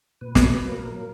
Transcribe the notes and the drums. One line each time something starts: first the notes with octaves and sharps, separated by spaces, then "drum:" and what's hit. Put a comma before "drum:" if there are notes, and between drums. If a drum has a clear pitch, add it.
A#2 B4
F#3 A#3, drum: snare
A#2 B4
F#3 A#3
A#2 A#4
F#3
A#3